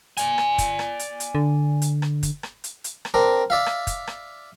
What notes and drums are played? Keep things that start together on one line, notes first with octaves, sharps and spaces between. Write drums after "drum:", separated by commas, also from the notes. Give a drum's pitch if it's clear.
D5 G#5, drum: hi-hat
drum: rim click
drum: kick, hi-hat
drum: rim click
drum: hi-hat
drum: hi-hat
D3
drum: hi-hat
drum: rim click
drum: kick, hi-hat
drum: rim click
drum: hi-hat
drum: hi-hat
drum: rim click
C4 D4 A#4
D5 E5 F5
drum: rim click
drum: kick, hi-hat
drum: rim click